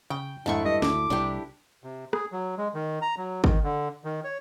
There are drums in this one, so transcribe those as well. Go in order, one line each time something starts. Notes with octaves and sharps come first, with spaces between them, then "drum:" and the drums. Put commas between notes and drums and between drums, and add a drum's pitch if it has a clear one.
C#3 G5
F2 G#2 D#3 A3 D4 E4 C#6
G2 D#5
D2 D6, drum: snare
C2 C3 D4 E4 G4
C3
G#4, drum: rim click
F#3
G#3
D#3
A#5
F#3
D#3, drum: kick
D3
D#3
C#5